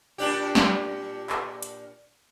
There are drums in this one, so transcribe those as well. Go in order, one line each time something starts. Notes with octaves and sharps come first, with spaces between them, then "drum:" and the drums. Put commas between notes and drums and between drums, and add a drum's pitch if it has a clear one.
A#2 D4 G4
drum: snare
drum: clap
drum: hi-hat